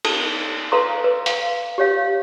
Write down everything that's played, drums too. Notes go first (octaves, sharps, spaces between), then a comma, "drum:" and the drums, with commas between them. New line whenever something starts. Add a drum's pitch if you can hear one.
A4 A5, drum: cymbal
A4 B4 F5 A#5 C6
B4
F5, drum: hi-hat
G4 C#5 F5